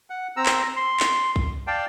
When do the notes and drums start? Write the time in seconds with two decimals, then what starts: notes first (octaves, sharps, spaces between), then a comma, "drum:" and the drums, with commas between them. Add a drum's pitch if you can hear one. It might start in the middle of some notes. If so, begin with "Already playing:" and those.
0.10 F#5
0.37 C4 A#5 E6
0.46 drum: clap
0.76 C6
1.00 drum: clap
1.36 drum: kick
1.67 D5 F5 G5 A5